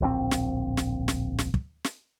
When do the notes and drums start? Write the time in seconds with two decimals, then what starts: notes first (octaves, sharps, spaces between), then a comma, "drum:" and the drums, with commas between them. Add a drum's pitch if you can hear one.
0.01 D1 A#1 B2 C4
0.31 drum: snare
0.77 drum: snare
1.08 drum: snare
1.38 drum: snare
1.54 drum: kick
1.84 drum: snare